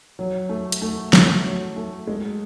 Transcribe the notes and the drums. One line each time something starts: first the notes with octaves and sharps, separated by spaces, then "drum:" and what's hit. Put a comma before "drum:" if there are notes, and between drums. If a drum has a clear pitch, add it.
F#3
A3
drum: hi-hat
A3
A3, drum: snare
F#3
A3
G#3